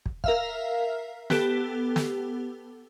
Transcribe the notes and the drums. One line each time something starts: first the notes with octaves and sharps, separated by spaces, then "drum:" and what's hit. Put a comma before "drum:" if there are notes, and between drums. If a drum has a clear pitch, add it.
drum: kick
A#4 E5 F5, drum: kick
B3 G4 A4, drum: snare
drum: snare